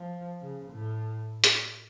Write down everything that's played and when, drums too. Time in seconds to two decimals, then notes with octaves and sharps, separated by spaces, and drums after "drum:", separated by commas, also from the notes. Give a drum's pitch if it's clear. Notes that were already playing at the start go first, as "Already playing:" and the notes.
Already playing: F3
0.42 C#3
0.71 A2
1.44 drum: hi-hat